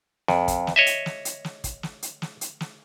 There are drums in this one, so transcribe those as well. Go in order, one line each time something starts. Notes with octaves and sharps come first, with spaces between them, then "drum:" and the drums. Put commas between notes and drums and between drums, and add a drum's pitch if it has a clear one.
F2, drum: snare
drum: kick, hi-hat
drum: snare
C#5 D#5 E5
drum: hi-hat
drum: snare
drum: hi-hat
drum: snare
drum: kick, hi-hat
drum: snare
drum: hi-hat
drum: snare
drum: hi-hat
drum: snare